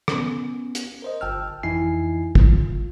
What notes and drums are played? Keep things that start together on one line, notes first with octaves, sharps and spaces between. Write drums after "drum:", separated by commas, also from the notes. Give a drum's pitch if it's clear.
B3 C#4, drum: rim click
drum: hi-hat
A#4 C5 D#5
G1 G5 A5 E6 F6
F2 E3 D#4 E4 G#5 C7
F4, drum: kick